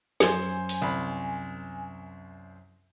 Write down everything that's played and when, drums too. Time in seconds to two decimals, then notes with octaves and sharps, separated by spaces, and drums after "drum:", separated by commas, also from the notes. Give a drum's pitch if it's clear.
0.20 F#2 C5 G#5, drum: snare
0.69 drum: open hi-hat
0.82 C2 B5